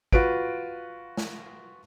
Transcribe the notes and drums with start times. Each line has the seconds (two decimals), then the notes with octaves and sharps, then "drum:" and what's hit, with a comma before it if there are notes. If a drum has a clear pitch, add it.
0.13 F4 F#4 B4 D7, drum: kick
1.17 drum: snare